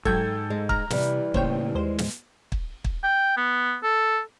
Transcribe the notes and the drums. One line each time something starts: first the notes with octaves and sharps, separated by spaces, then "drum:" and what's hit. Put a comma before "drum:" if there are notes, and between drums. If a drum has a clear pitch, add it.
G#2 F#3 A4 G5 G6 G#6, drum: kick
G#3
A#5 F6, drum: kick
C3 E3 G3, drum: snare
A2 C#3 A#3 C5 C#5 G5, drum: kick
D#2 G#3 C5
drum: snare
drum: kick
drum: kick
G5
B3
A4